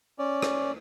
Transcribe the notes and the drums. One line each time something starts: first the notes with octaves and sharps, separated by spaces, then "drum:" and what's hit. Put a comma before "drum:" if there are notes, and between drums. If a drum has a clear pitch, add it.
C#4 D5
drum: rim click